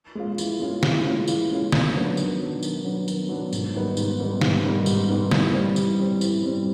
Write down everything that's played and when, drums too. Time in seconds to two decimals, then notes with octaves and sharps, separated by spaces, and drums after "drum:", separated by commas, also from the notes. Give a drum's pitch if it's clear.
0.15 G#3 C#4 F4
0.38 E3, drum: tambourine
0.60 G#3 C#4 F4
0.83 E3, drum: snare
1.05 G#3 C#4 F4
1.28 E3, drum: tambourine
1.51 G#3 C#4 F4
1.72 D#3, drum: snare
1.95 F#3 B3 D4
2.17 D#3, drum: tambourine
2.40 F#3 B3 D4
2.63 D#3, drum: tambourine
2.84 F#3 B3 D4
3.08 D#3, drum: tambourine
3.29 F#3 B3 D4
3.53 G#2, drum: tambourine
3.75 D#3 G3 B3 D#4
3.97 G#2, drum: tambourine
4.19 D#3 G3 B3 D#4
4.41 G#2, drum: snare
4.64 D#3 G3 B3 D#4
4.86 G#2, drum: tambourine
5.08 D#3 G3 B3 D#4
5.31 E3, drum: snare
5.54 G3 C4
5.76 E3, drum: tambourine
5.99 G3 C4
6.21 E3, drum: tambourine
6.43 G3 C4